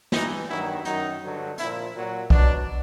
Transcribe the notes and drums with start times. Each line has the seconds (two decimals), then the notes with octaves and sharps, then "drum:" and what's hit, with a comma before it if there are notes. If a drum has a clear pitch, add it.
0.12 G2 E3 D#4, drum: snare
0.49 G2 D#3 F#3 E4
0.85 F#2 D#3 F#3 D#4, drum: hi-hat
1.22 G2 D3 F#3
1.58 A#2 F3 E4, drum: hi-hat
1.95 A#2 F#3
2.30 B2 F#3 D4, drum: kick B1